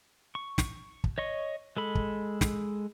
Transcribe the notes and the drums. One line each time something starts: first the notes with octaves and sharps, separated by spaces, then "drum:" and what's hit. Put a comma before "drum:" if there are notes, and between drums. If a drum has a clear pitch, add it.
C#6
drum: snare
drum: kick
C#5 D#5 C#6
G#3 A4 B5
drum: kick
drum: snare